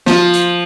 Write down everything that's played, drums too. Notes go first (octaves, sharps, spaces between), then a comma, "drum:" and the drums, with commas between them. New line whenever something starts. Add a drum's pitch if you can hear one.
F3, drum: snare
drum: hi-hat